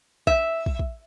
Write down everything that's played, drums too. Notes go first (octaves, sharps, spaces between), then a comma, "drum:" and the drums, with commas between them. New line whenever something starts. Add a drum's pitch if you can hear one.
E5, drum: kick
drum: kick
drum: kick